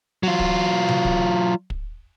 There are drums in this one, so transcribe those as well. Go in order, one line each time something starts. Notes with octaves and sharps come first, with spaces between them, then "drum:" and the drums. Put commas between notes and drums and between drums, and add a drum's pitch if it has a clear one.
F#3 F4
drum: kick
drum: tom C3
drum: kick
drum: kick